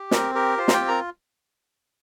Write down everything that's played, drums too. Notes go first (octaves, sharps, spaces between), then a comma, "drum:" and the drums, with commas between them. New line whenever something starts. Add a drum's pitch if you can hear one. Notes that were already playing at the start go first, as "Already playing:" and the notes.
Already playing: G4
C4 A#4, drum: snare
G4 A#4
F4 C5
A#5, drum: snare
G4 G5
C4
A#4 A#5